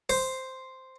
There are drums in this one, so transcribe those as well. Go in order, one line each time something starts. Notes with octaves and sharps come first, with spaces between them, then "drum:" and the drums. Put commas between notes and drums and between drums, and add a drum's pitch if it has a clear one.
C5, drum: open hi-hat